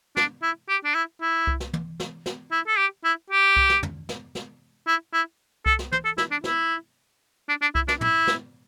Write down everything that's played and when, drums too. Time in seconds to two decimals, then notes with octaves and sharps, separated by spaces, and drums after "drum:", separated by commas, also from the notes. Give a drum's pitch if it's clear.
0.17 D4, drum: snare
0.43 E4
0.69 G4
0.84 D4
0.95 E4
1.21 E4
1.47 drum: kick C2
1.60 drum: snare
1.73 drum: tom
2.00 drum: snare
2.26 drum: snare
2.52 E4
2.67 A4
2.78 G4
3.04 E4
3.30 G4
3.57 drum: kick C2
3.70 drum: snare
3.83 drum: tom
4.09 drum: snare
4.35 drum: snare
4.87 E4
5.14 E4
5.66 A4, drum: kick C2
5.79 drum: snare
5.92 C5, drum: tom
6.05 A4
6.18 E4, drum: snare
6.31 D4
6.44 E4, drum: snare
7.49 D4
7.62 D4
7.75 E4, drum: kick C2
7.88 D4, drum: snare
8.01 E4, drum: tom
8.27 drum: snare